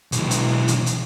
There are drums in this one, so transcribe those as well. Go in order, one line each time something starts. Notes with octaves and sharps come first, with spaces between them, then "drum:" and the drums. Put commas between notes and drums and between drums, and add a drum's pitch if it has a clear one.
B1 E3, drum: hi-hat
drum: hi-hat
drum: hi-hat
drum: hi-hat